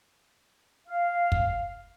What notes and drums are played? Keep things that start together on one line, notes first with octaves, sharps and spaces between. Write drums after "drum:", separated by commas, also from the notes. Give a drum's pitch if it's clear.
F5
drum: kick